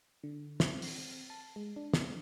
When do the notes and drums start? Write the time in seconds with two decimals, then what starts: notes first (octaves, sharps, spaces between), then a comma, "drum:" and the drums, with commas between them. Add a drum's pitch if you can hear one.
0.23 D3
0.60 C4, drum: snare
0.82 drum: open hi-hat
1.30 A5
1.56 G#3
1.76 D4
1.94 drum: snare